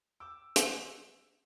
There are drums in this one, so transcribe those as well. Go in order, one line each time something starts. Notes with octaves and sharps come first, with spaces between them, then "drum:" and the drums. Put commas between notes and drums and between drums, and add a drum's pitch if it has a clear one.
G5 D6 E6
drum: hi-hat